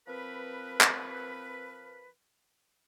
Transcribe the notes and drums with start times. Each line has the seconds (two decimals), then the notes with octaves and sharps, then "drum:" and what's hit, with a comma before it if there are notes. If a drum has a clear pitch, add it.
0.08 F3 C4 A#4 B4
0.81 drum: clap